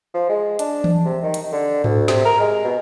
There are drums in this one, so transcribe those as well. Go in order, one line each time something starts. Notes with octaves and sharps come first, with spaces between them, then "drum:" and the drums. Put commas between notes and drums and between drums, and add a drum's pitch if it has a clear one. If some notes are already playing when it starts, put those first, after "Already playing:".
F3
G#3
D4, drum: hi-hat
drum: tom E3
C3
D#3
drum: hi-hat
D3
D2, drum: tom G#2
C3, drum: snare
A#4
G#3
B2